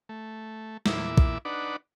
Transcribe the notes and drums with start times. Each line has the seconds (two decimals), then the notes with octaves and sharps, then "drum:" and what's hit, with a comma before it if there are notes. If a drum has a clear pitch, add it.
0.09 A3
0.86 E2 A#2 E4 E5 D6, drum: snare
1.18 drum: kick A#1
1.45 D4 D#4 B4 D5 F#5